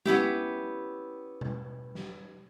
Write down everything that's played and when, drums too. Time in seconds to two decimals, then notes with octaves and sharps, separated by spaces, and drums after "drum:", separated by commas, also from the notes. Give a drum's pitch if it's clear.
0.06 B3 C#4 E4 G4, drum: tom G#3
1.41 drum: tom B2
1.95 drum: snare